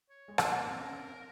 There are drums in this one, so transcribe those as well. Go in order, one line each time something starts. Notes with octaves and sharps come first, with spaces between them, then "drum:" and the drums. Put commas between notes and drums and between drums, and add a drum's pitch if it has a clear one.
C#5
G#3
C5, drum: rim click
A#3
C4 A#4
C#4
C4